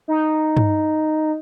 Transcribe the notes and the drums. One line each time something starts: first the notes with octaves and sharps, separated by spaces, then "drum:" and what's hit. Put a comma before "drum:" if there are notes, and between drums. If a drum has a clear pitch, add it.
D#4
drum: tom G2